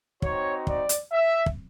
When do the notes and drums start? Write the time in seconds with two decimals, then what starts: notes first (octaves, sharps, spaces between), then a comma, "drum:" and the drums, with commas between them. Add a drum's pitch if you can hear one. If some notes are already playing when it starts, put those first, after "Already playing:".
0.22 C4 D#4 F#4 C#5, drum: kick
0.67 D5, drum: kick
0.89 drum: hi-hat
1.12 E5
1.46 drum: kick